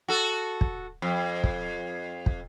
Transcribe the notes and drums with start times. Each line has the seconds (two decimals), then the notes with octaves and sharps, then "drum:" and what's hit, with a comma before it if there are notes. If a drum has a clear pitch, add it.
0.08 F#4 A4
0.61 drum: kick
1.02 F2
1.44 drum: kick
2.26 drum: kick